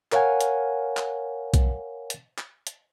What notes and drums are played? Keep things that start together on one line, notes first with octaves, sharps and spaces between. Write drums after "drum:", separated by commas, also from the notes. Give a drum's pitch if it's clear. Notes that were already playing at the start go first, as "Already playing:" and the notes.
A#4 C#5 F5 F#5 G#5, drum: clap
drum: hi-hat
drum: clap
drum: kick B1, hi-hat
drum: hi-hat
drum: clap
drum: hi-hat